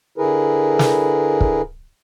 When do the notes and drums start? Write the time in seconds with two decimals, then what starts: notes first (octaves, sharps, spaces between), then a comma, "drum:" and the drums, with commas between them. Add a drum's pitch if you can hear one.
0.18 D3 E4 G#4 A#4 B4
0.79 drum: snare
1.41 drum: kick